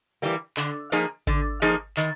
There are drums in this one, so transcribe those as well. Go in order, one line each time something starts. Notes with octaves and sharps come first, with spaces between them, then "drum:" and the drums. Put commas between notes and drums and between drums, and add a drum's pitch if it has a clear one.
E3 G3 A#3
D3, drum: clap
F3 A#3 D#4 G#4
D3, drum: kick G#1
F3 A#3 D#4 G#4
D#3, drum: clap